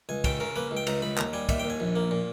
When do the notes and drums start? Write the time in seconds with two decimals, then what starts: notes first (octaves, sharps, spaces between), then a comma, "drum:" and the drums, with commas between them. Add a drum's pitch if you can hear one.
0.09 C#2 G#5
0.24 C#3 G5, drum: kick, cymbal
0.40 C#3 A#4
0.56 A#3 B4
0.71 C#2
0.77 G5
0.87 C#2 A#5, drum: cymbal
1.02 C#2 B5
1.18 D#2 A#5, drum: clap
1.33 G3 G#5
1.49 D#2 E5, drum: kick, cymbal
1.59 G5
1.65 D#2
1.70 G#5
1.80 A#1
1.96 A#3
2.11 A#2